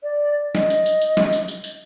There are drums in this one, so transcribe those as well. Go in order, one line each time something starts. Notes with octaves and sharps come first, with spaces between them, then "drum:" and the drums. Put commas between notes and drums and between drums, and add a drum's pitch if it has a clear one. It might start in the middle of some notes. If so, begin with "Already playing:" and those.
D5
D#5, drum: snare
drum: tambourine
drum: tambourine
drum: tambourine
drum: snare
drum: tambourine
drum: tambourine
drum: tambourine